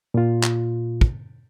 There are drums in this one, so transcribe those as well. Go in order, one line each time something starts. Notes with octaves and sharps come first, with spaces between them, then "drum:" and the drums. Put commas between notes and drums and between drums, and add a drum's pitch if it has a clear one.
A#2 F4
drum: clap
drum: kick